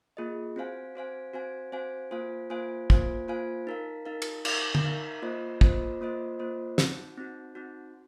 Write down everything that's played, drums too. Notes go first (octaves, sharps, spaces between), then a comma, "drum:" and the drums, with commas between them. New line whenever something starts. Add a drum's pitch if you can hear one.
A#3 F4 G#4 D#5
C4 F#4 C5 F5 G#5
C4 F#4 C5 F5 G#5
C4 F#4 C5 F5 G#5
C4 F#4 C5 F5 G#5
A#3 F4 C5 F5 G#5
A#3 F4 C5 F5 G#5
A#3 F4 C5 F5 G#5, drum: kick
A#3 F4 C5 F5 G#5
D#4 A#4 F5
D#4 A#4 F5
drum: cymbal
D#4 A#4 F5, drum: cymbal
drum: tom
D#4 A#4 F5
A#3 F4 C5 D#5
A#3 F4 C5 D#5, drum: kick
A#3 F4 C5 D#5
A#3 F4 C5 D#5
C4 D#4 F#4, drum: snare
C4 D#4 F#4
C4 D#4 F#4